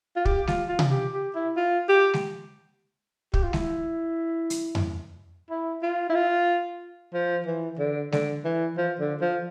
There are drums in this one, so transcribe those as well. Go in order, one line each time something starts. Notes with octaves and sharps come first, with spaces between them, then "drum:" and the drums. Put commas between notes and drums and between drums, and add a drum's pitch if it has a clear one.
F4
G4, drum: kick
F4, drum: snare G#3
F4
drum: tom C3
G4
G4
E4
F4
G4
drum: snare G#3
G4, drum: kick
F4
E4, drum: snare G#3
drum: hi-hat
drum: tom F2
E4
F4
E4
F4
F3
E3
D3
D3, drum: snare G#3
E3
F3
D3
F3